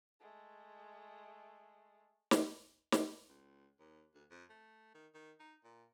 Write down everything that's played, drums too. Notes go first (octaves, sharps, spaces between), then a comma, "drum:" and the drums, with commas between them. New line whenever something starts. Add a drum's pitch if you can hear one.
G#3 A3
drum: snare
drum: snare
C#2
D#2
D2
F2
A3
D#3
D#3
D#4
A#2